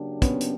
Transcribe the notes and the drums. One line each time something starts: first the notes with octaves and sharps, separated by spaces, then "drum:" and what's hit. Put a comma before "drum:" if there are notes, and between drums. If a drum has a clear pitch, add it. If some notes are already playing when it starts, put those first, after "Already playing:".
Already playing: C#3 F#3 A#3 D4 G4
B3 C#4, drum: kick, hi-hat
drum: hi-hat